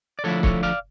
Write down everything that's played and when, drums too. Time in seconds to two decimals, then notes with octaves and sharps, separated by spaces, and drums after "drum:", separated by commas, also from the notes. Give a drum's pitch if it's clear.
0.19 D5
0.24 D3 F3 A3 E4 A4 C#5
0.43 A4 C#5, drum: kick C#1
0.63 D5 F5